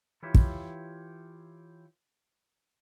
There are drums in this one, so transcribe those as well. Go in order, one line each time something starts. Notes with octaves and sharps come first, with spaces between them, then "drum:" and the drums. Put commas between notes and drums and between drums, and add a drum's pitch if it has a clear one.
E3 E4 F4 G4 C#5 E5
drum: kick